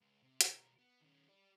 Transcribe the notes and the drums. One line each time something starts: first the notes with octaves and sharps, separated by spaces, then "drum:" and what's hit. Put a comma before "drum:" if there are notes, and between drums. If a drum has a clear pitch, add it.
C#2
C3
drum: hi-hat
B2 A#4
B3
D#3 C#4
G4 D5